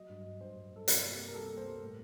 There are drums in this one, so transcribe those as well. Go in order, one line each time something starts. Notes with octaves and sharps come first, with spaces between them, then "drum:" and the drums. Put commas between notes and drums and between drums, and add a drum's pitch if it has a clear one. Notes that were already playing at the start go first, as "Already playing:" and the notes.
Already playing: F#3 D#5
G2
G2
G2 C5
G2
G2 A4
C3 A#4, drum: hi-hat
A#3
G4
A#3
A#4
G3 A4
A#3
C5
G3
A2